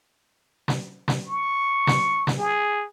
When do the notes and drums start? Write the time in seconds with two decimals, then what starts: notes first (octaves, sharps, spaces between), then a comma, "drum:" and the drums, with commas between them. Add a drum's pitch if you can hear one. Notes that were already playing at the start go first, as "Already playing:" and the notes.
0.68 drum: snare
1.08 drum: snare
1.28 C#6
1.87 drum: snare
2.27 drum: snare
2.38 G#4